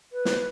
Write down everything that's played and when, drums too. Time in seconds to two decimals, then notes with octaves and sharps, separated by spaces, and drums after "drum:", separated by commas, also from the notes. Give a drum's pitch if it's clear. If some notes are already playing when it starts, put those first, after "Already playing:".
0.13 B4
0.25 drum: snare